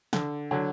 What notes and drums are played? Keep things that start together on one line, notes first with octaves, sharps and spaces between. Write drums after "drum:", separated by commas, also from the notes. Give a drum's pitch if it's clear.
D3, drum: snare
D3 F#3